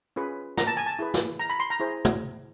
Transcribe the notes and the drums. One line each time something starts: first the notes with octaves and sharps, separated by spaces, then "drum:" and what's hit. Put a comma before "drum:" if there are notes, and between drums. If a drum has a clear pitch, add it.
C#4 F4 G#4 B4
A#5, drum: snare
A5
G#5
A5
E4 G#4 B4
drum: snare
A#5
B5
C6
A#5
E4 G#4 C5
drum: tom